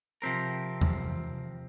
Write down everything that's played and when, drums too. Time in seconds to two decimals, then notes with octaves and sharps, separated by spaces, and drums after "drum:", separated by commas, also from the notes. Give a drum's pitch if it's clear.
0.22 C3 F3 C4 G4 A#4
0.81 drum: tom E2